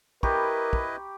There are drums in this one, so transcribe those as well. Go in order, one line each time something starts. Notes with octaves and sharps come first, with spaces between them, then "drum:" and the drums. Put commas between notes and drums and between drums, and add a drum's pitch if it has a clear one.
E4 G4 A#4 B4 D#5 A#5 B5 C#6, drum: kick
drum: kick